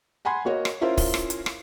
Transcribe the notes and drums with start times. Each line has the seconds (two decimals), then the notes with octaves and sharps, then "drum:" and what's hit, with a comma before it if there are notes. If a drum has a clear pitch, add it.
0.25 F#5 G#5 B5 C6 G#6
0.45 A#3 F#4 C#5 D#5
0.65 drum: rim click
0.81 C#4 E4 F4 A#4 C5 E5
0.97 drum: kick, open hi-hat
1.14 drum: rim click
1.30 drum: hi-hat
1.46 drum: rim click